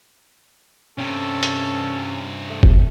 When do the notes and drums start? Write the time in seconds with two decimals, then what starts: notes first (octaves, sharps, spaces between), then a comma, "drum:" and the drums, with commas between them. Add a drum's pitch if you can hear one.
0.98 G2 C3 C#4 A4
1.43 drum: hi-hat
2.50 A3
2.63 drum: kick F#1